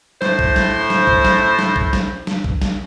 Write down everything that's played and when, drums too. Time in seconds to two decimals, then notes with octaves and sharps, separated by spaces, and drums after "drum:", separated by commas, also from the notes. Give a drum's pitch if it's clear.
0.22 A2 C5, drum: snare
0.39 drum: kick A#1
0.56 drum: snare
0.90 drum: snare
1.07 drum: kick A#1
1.24 drum: snare
1.59 drum: snare
1.76 drum: kick A#1
1.93 drum: snare
2.27 drum: snare
2.44 drum: kick A#1
2.62 drum: snare